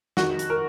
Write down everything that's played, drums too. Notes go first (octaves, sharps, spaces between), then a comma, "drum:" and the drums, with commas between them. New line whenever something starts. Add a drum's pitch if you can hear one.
F2 D#3 F#4, drum: snare
drum: hi-hat
A#4